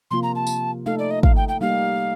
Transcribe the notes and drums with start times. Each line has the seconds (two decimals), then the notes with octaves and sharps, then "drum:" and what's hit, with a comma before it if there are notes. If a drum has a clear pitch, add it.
0.11 C3 F3 A#3 F4 C6
0.23 A#5
0.35 A5
0.47 drum: tambourine
0.86 A3 D#4 A4 F5
0.99 D5
1.11 D#5
1.23 F5, drum: kick
1.36 G5
1.48 G5
1.61 G3 A#3 D#4 G4 F5